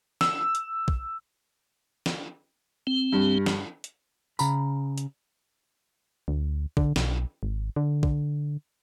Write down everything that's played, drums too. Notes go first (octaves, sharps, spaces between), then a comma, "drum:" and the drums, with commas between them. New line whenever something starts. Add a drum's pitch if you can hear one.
E6, drum: snare
drum: hi-hat
drum: kick
drum: snare
C4
G2
drum: snare
drum: hi-hat
C#3 A#5 B5, drum: tambourine
drum: hi-hat
D2
D3, drum: kick
B1, drum: snare
G#1
D3
D3, drum: kick